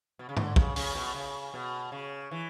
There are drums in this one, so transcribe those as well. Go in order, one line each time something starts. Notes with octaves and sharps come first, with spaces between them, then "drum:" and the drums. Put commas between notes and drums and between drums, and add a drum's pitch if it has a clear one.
B2
C#3
D3, drum: tom
C#3, drum: kick
C#3, drum: open hi-hat
B2
C#3
B2
C#3
E3